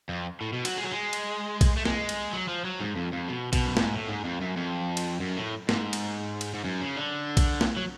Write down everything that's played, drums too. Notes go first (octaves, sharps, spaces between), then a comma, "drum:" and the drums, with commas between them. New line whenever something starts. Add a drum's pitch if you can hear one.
F2
A2
B2
F#3, drum: cymbal
G#3
F#3
G#3
drum: cymbal
drum: kick, cymbal
A3
G#3, drum: snare
drum: cymbal
F#3
F3
F#3
G#2
F2
F2
B2
B2, drum: kick, cymbal
F#2
G#2, drum: snare
A2
G#2
F2
F#2
F2
drum: cymbal
F#2
A2
G#2, drum: snare
drum: cymbal
drum: cymbal
G#2
F#2
C#3
D3
drum: kick, cymbal
drum: snare
F#3